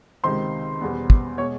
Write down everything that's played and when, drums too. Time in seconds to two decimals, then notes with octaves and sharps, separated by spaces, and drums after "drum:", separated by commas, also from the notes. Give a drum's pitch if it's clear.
0.23 C#2 C3 D#3 C5 C6
0.81 E2 B2 G3 B3
1.10 drum: kick
1.38 B2 G#3 C#5 C#6